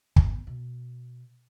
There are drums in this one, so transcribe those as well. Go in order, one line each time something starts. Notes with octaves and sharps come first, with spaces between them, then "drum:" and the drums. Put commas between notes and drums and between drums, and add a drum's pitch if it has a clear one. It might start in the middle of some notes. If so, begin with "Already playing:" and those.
B3, drum: kick
B2